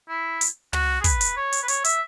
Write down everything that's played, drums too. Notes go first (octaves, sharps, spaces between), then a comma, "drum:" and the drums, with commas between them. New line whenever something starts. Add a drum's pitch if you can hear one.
E4
drum: hi-hat
F#4, drum: tom
G#4
B4, drum: kick, hi-hat
drum: hi-hat
C#5
drum: hi-hat
B4
C#5, drum: hi-hat
E5, drum: hi-hat